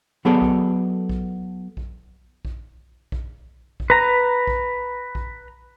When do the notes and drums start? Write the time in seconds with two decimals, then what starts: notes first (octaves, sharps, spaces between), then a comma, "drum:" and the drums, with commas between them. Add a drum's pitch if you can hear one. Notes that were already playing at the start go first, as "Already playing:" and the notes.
0.25 F#3 B3 G#4 A4 C#5 D5
0.42 drum: kick A#1
1.09 drum: kick A#1
1.77 drum: kick A#1
2.45 drum: kick A#1
3.12 drum: kick A#1
3.80 drum: kick A#1
3.90 B4 A#5
4.47 drum: kick A#1
5.15 drum: kick A#1